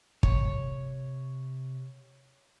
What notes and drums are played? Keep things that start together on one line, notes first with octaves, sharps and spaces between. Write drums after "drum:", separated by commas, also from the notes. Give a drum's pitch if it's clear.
C3 C#5, drum: kick